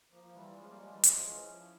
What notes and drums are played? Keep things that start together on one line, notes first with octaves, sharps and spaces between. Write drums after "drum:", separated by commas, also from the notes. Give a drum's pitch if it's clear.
F3 A#3
F3
E3 G3 F4
F3 G#3 C#4
G3 A#3
F3 G#3 F4
E3 G3
G#3, drum: hi-hat
F3
E3 C#4
F3
F3 E4